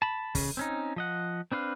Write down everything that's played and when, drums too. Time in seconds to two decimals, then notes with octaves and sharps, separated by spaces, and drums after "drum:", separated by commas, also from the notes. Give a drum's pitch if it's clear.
0.02 A5 B5
0.35 C#3, drum: kick, open hi-hat
0.57 C4 C#4 D#4
0.96 F3 D#5 F#5
1.52 C4 D4 B4 F5